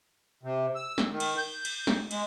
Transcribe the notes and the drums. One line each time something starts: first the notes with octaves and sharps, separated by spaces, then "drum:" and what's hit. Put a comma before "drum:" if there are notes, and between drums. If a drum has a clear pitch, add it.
C3
E6
drum: snare
D#3
drum: cymbal
G6
drum: cymbal
drum: snare
G#3, drum: cymbal